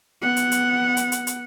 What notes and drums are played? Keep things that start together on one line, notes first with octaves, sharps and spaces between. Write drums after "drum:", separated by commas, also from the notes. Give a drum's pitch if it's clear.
B3 F#5
drum: hi-hat
drum: hi-hat
drum: hi-hat
drum: hi-hat
drum: hi-hat